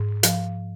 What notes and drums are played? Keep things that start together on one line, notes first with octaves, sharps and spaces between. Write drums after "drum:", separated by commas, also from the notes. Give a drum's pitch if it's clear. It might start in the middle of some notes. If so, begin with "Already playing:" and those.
Already playing: G#2
F3, drum: hi-hat